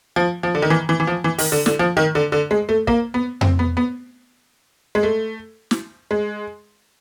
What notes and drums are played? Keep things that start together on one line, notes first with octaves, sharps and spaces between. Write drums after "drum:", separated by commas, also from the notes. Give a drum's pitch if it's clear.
F3
F3
D3
D#3
E3
E3
E3
F3
E3
D#3, drum: open hi-hat
D3
D3, drum: snare
F3
D#3
D3
D3
G#3
A3
A#3, drum: kick
B3
C4, drum: tom F2
B3
B3
G#3
A3
drum: snare
G#3